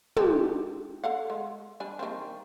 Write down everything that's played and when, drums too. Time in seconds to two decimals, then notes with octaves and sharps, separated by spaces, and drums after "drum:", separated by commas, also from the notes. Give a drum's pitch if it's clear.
0.16 G#3 F#4 G4, drum: tom
1.04 A4 F5 F#5
1.30 G#3
1.80 G3 D4 G#5
1.99 D#3 A#3 C4